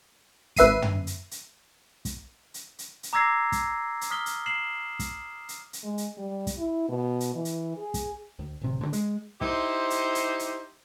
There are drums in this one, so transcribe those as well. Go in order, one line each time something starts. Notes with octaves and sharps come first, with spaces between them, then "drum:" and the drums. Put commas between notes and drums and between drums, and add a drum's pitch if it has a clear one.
G#1 B4 E5 C7 D#7, drum: kick, hi-hat
drum: tom
drum: hi-hat
drum: hi-hat
drum: kick, hi-hat
drum: hi-hat
drum: hi-hat
drum: hi-hat
A#5 D6 E6 G#6 A#6 C7
drum: kick, hi-hat
drum: hi-hat
D#6 F6 B6 G7
drum: hi-hat
C7 E7 F#7
drum: kick, hi-hat
drum: hi-hat
drum: hi-hat
G#3
drum: hi-hat
G3
drum: kick, hi-hat
E4
B2
drum: hi-hat
E3
drum: hi-hat
G#4
drum: kick, hi-hat
D2
D1 C3
D2 D3
G#3, drum: hi-hat
D#4 E4 G4 C5, drum: kick
drum: hi-hat
drum: hi-hat
drum: hi-hat